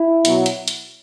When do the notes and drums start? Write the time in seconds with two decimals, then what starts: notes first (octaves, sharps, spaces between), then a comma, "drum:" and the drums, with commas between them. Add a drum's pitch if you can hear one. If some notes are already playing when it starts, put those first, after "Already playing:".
Already playing: E4
0.25 B2 F#3, drum: hi-hat
0.46 drum: hi-hat
0.68 drum: hi-hat